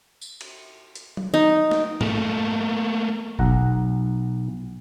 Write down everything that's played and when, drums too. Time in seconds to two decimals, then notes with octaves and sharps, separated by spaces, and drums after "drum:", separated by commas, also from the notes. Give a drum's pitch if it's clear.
0.22 drum: tambourine
0.41 drum: cymbal
0.95 drum: hi-hat
1.17 drum: tom F#3
1.34 D#4
1.71 drum: snare
2.01 A3 A#3, drum: tom G#2
3.39 B1 F#5 A#5, drum: kick F1